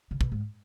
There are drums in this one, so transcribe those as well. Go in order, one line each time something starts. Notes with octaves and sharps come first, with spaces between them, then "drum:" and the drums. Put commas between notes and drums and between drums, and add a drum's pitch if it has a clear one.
C#3
B2, drum: kick
G#2